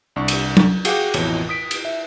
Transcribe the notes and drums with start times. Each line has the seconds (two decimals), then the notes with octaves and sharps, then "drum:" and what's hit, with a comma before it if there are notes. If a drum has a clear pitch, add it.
0.16 C2 D4 C#6
0.28 drum: cymbal
0.57 drum: tom F#3
0.85 F#4 G#4 F5 G5 D6 F#6, drum: cymbal
1.14 A1 F2 B2 E3 C#5, drum: cymbal
1.49 D#6 B6 D7
1.71 drum: cymbal
1.85 E5